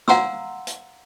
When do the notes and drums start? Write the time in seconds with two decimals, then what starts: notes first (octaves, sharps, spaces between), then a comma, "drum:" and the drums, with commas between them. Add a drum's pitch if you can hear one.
0.08 F5 F#5 A#5 C6 E6, drum: snare
0.67 drum: hi-hat